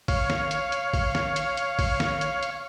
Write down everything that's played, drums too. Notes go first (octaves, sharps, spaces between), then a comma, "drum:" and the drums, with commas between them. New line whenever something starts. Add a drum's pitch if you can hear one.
C#5 F5, drum: kick A1, open hi-hat
drum: snare
drum: hi-hat
drum: hi-hat
drum: kick A1, open hi-hat
drum: snare
drum: hi-hat
drum: hi-hat
drum: kick A1, open hi-hat
drum: snare
drum: hi-hat
drum: hi-hat